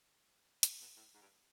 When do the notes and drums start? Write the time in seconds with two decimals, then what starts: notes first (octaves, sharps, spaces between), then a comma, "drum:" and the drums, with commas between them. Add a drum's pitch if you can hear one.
0.63 drum: hi-hat
0.81 B2
0.96 A2
1.14 G#2
1.21 G2